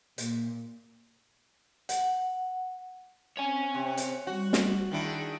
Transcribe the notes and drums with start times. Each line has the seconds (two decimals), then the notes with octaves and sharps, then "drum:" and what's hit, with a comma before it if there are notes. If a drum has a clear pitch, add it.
0.18 A#2, drum: hi-hat
1.89 F#5, drum: hi-hat
3.37 C4 C#5 F#5 G#5
3.74 C3
3.97 drum: hi-hat
4.27 G3 F#4
4.53 drum: snare
4.91 D#3 D4 E4 G#4 E5 D#6